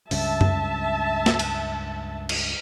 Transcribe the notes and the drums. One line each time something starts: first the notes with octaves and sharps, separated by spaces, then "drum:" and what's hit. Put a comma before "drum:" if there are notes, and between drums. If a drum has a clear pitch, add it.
C#2 G2 C#3 E5 A5, drum: open hi-hat
drum: tom F#2
drum: snare
drum: cymbal
drum: cymbal